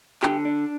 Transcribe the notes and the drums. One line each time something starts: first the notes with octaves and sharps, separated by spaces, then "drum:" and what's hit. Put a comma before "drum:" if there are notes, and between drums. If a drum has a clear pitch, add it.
D3 G4, drum: clap
D4